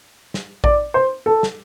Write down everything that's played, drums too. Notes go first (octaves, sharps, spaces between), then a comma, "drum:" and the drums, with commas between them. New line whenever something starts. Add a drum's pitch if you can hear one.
drum: snare
D5, drum: kick A1
C5
A4
drum: snare